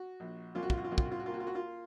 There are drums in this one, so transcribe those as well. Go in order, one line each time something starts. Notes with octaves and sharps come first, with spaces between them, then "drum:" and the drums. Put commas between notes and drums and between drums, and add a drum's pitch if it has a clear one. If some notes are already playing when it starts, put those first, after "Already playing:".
Already playing: F#4
A#1
C2 F4
F#4
F4, drum: kick
F#4
F4
C2 F#4
F4, drum: kick
F#4
F4
F#4
A#3 F4
F#4
F4
F#4
F4